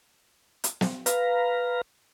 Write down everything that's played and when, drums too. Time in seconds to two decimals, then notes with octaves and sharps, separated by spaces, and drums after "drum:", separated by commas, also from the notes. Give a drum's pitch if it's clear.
0.64 drum: hi-hat
0.81 drum: snare
1.06 B4 F5 A#5, drum: hi-hat